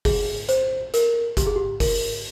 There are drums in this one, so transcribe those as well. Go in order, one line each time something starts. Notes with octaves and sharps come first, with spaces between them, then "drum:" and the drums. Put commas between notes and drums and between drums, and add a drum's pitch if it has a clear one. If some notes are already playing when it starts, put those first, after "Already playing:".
G#4, drum: kick F#1, open hi-hat
C5, drum: hi-hat
A#4, drum: hi-hat
G4, drum: kick F#1, hi-hat
G#4
G4
A#4, drum: kick F#1, open hi-hat